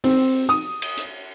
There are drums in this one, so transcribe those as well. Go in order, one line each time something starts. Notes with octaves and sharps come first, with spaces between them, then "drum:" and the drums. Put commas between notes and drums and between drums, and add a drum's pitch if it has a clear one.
C4, drum: open hi-hat
D#6
drum: cymbal
drum: hi-hat